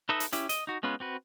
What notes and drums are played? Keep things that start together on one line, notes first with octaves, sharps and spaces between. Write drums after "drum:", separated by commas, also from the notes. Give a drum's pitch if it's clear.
D#4 A4 B4 D#5 E5
drum: hi-hat
C#4 E4 G4, drum: hi-hat
D#5, drum: hi-hat
D#4 F#4
G#3 B3 C#4 F4 B4
C4 F#4 B4